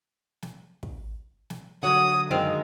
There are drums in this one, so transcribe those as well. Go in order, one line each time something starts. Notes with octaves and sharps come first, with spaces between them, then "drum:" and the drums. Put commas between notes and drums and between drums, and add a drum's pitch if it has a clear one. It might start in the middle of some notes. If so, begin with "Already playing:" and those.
drum: snare
drum: kick
drum: snare
D3 F#3 F#4 C#5 F#5 D#6
F#2 D#3 G#3 C4 F5